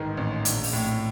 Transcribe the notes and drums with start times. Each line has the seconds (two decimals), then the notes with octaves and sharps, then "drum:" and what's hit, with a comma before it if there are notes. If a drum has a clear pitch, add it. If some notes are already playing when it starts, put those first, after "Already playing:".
Already playing: A1 G#2 D#3 B4
0.17 A1
0.45 A#1, drum: hi-hat
0.63 drum: open hi-hat
0.73 A2